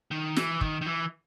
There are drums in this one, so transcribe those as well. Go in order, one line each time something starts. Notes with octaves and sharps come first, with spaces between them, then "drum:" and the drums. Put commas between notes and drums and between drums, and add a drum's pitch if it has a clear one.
D#3
E3, drum: snare
D#3, drum: kick
D#3
E3